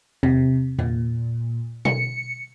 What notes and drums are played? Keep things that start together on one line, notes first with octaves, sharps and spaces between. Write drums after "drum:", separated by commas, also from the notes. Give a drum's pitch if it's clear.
C3, drum: tom E2
A#2, drum: tom E2
C#7, drum: tom B2